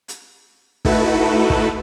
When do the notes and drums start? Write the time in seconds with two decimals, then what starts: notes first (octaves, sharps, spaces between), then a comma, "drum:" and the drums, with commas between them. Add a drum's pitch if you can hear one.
0.08 drum: hi-hat
0.85 A3 D#4 E4 F#4 A4 B4, drum: kick
1.50 drum: kick